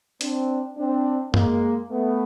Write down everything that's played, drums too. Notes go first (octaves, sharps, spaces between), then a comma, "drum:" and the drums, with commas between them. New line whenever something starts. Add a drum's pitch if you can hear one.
C4 D4, drum: hi-hat
C4 D4
G#3 A#3, drum: tom F#2
A3 B3